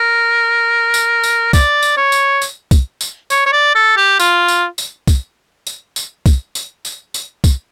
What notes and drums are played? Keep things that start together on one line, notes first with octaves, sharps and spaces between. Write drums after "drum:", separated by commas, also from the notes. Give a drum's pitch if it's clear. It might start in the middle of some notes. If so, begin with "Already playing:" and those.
Already playing: A#4
drum: tambourine
drum: tambourine
D5, drum: kick, tambourine
drum: tambourine
C#5
drum: tambourine
drum: tambourine
drum: kick, tambourine
drum: tambourine
C#5, drum: tambourine
C#5
D5
A4
G4
F4, drum: tambourine
drum: tambourine
drum: tambourine
drum: kick, tambourine
drum: tambourine
drum: tambourine
drum: kick, tambourine
drum: tambourine
drum: tambourine
drum: tambourine
drum: kick, tambourine